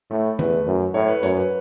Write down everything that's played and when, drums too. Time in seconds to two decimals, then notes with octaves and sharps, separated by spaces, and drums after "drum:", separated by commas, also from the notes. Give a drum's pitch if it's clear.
0.10 A2 A3
0.39 E2 B4, drum: tom D#3
0.66 F#2
0.94 A2 C#5
1.08 B4
1.23 F#2 C#5, drum: hi-hat
1.37 B4